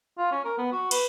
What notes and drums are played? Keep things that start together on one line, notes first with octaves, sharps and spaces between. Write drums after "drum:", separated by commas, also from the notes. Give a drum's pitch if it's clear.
F4
C#4
A#4
B3
F#4
B4, drum: cymbal